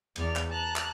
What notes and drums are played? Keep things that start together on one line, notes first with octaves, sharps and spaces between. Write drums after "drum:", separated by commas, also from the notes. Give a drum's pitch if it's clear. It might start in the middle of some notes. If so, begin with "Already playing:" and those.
E2 B3 D5 F6, drum: cymbal
drum: clap
A5 A#5 F#6
drum: clap